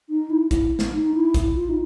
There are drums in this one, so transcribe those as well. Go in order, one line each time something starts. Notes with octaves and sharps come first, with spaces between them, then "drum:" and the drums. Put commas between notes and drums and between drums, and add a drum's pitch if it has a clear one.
D#4
E4
E4, drum: kick, hi-hat
drum: snare
D#4
E4
drum: kick, hi-hat
F4
D#4